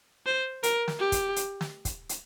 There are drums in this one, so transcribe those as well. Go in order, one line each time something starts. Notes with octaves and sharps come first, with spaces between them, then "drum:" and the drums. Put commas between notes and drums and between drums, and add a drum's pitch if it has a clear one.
C5
A#4, drum: hi-hat
drum: snare
G4
drum: kick, hi-hat
drum: hi-hat
drum: snare
drum: kick, hi-hat
drum: hi-hat